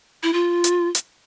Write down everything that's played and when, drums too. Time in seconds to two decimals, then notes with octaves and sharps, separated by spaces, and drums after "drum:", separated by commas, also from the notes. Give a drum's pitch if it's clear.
0.23 E4
0.33 F4
0.64 drum: hi-hat
0.95 drum: hi-hat